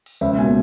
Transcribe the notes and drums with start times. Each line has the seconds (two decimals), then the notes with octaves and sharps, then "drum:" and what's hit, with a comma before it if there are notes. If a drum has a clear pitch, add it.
0.06 drum: open hi-hat
0.21 C#2 E5
0.38 B2 A#3 G#5